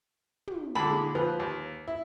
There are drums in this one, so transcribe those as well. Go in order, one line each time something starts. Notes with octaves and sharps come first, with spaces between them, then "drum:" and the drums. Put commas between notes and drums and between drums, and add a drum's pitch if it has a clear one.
drum: tom
A#2 D3 G#3 A5 B5
A#3 D#4 G#4
F3 B4 G#5
D#2
E4